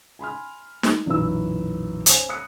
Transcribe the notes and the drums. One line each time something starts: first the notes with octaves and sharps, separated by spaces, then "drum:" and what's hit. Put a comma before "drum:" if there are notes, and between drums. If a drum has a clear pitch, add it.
G#5 B5 C6 F6
drum: snare
B1 F#2 A#2 E3 B4 E6
C#4 C5 G#5, drum: hi-hat
B5 D#6 F#6 C#7